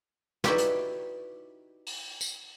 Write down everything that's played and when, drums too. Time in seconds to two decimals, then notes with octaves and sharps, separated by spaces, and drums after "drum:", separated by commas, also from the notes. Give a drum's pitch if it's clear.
0.44 D#4 E4 F#4 G4 B4 D5, drum: snare
0.58 drum: hi-hat
1.87 drum: open hi-hat
2.21 drum: tambourine